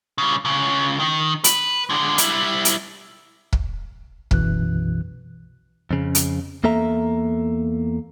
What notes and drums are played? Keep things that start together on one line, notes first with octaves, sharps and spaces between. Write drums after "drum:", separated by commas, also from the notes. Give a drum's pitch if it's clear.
C#3 G3
C#2 C#3
D#3
B4, drum: hi-hat
D3 G#3
G3 E4, drum: hi-hat
drum: hi-hat
drum: kick
B1 F#2 B2 E3 F#6, drum: kick
F2 C#3
drum: hi-hat
E2 A#3 A4 E5 A#5